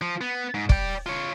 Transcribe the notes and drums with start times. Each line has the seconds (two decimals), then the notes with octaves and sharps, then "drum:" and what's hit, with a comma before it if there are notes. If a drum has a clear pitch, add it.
0.02 F3
0.21 B3
0.54 G#2
0.69 D5 G5, drum: kick
1.06 F4 C#5